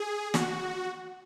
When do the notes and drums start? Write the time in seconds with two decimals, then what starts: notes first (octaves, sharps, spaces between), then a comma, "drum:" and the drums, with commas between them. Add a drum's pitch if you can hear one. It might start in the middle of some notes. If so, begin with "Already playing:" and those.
Already playing: G#4
0.34 F#4, drum: snare